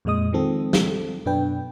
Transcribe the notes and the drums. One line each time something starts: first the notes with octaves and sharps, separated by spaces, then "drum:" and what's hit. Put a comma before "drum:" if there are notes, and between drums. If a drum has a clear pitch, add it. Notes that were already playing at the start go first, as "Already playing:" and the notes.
F2 A#2 G#3 D#5 D#6
D#3 F3 G#3 C4 A4
drum: snare
F#2 B2 D4 B4 G5